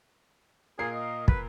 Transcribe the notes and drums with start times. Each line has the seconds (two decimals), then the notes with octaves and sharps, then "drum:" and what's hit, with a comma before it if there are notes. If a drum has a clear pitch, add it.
0.79 A#2 G#4 A#4 C7
0.94 D#5
1.28 B4, drum: kick